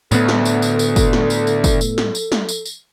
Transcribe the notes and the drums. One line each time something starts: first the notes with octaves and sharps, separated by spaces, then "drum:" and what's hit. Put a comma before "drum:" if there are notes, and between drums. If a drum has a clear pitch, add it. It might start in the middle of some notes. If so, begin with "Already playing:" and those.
D2 A2 B3 A4, drum: tambourine
drum: snare
drum: tambourine
drum: tambourine
drum: tambourine
drum: kick, tambourine
drum: snare
drum: tambourine
drum: tambourine
drum: kick, tambourine
drum: tambourine
drum: snare
drum: tambourine
drum: snare
drum: tambourine
drum: tambourine